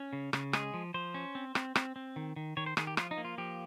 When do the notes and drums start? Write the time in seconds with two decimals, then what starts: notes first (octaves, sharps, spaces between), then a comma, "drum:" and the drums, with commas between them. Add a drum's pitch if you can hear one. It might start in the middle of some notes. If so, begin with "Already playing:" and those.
Already playing: C#4
0.13 C#3
0.33 C#3, drum: rim click
0.53 G#3 G#4, drum: rim click
0.74 F3
0.94 F3 C5
1.14 C#4
1.35 C4
1.55 C4, drum: rim click
1.75 C4, drum: rim click
1.96 C4
2.16 D#3
2.36 D#3
2.57 D#3 C#5
2.66 C5
2.77 D#3 G#4, drum: rim click
2.87 G4
2.97 F3 F4, drum: rim click
3.11 D#4
3.18 A#3
3.25 F4
3.38 F3 G4